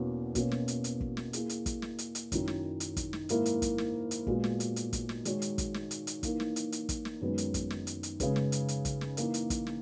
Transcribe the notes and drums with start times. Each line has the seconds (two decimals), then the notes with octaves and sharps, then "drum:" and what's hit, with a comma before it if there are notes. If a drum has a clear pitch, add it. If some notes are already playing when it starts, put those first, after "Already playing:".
Already playing: E2 B2 A#3 C#4 F#4
0.35 B2 A#3 C#4, drum: kick, hi-hat
0.51 drum: snare
0.68 drum: hi-hat
0.84 drum: hi-hat
1.00 drum: kick
1.17 drum: snare
1.33 A#3 E4 G#4, drum: hi-hat
1.49 drum: hi-hat
1.66 drum: kick, hi-hat
1.82 drum: snare
1.98 drum: hi-hat
2.15 drum: hi-hat
2.32 F#2 D#3 F#3 C#4 E4, drum: kick, hi-hat
2.48 drum: snare
2.80 drum: hi-hat
2.97 drum: kick, hi-hat
3.13 drum: snare
3.29 G#2 D#3 A#3 E4 A#4, drum: hi-hat
3.46 drum: hi-hat
3.62 drum: kick, hi-hat
3.78 drum: snare
4.11 drum: hi-hat
4.27 A#2 G#3 B3 F#4, drum: kick
4.44 drum: snare
4.60 drum: hi-hat
4.76 drum: hi-hat
4.93 drum: kick, hi-hat
5.09 drum: snare
5.25 D#3 G#3 D#4 F#4 C#5, drum: hi-hat
5.42 drum: hi-hat
5.58 drum: kick, hi-hat
5.74 drum: snare
5.91 drum: hi-hat
6.07 drum: hi-hat
6.23 E3 A#3 D#4 A#4, drum: kick, hi-hat
6.40 drum: snare
6.56 drum: hi-hat
6.72 drum: hi-hat
6.89 drum: kick, hi-hat
7.05 drum: snare
7.21 F#2 D#3 G#3 B3
7.38 drum: hi-hat
7.54 drum: kick, hi-hat
7.70 drum: snare
7.87 drum: hi-hat
8.03 drum: hi-hat
8.20 C#3 G#3 C#4 G#4 B4, drum: kick, hi-hat
8.36 drum: snare
8.52 drum: hi-hat
8.68 drum: hi-hat
8.85 drum: kick, hi-hat
9.01 drum: snare
9.17 E3 A#3 D#4 A#4, drum: hi-hat
9.34 drum: hi-hat
9.50 drum: kick, hi-hat
9.67 drum: snare